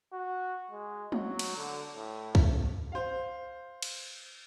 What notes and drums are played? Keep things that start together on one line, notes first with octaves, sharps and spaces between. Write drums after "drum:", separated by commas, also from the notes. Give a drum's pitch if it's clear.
F#4
G#3
F#3, drum: tom G3
drum: cymbal
D3
A2
drum: kick
C5 F5
drum: cymbal